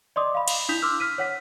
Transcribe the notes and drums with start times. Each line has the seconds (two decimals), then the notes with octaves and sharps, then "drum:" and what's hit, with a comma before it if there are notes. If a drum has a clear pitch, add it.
0.16 D5 D#5 C6 D6 D#6
0.35 F5 B5
0.48 drum: cymbal
0.69 D4 E4 D#6 G6 B6 F7
0.82 C6 D6 E6 F6
1.00 F6 B6 D#7
1.18 C#5 F#5 B6